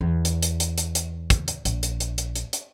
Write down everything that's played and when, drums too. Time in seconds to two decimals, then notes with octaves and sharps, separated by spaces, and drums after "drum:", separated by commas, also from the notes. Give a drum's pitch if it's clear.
0.01 E2
0.25 drum: hi-hat
0.42 drum: hi-hat
0.60 drum: hi-hat
0.78 drum: hi-hat
0.95 drum: hi-hat
1.30 drum: kick, hi-hat
1.48 drum: hi-hat
1.65 A#1, drum: hi-hat
1.83 drum: hi-hat
2.00 drum: hi-hat
2.18 drum: hi-hat
2.35 drum: hi-hat
2.53 drum: hi-hat